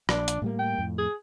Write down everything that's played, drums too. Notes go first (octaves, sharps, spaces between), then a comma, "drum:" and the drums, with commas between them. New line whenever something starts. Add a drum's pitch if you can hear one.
A#1 D4, drum: rim click
drum: hi-hat
A2 G3 A#3
G5
F2 A2
G#4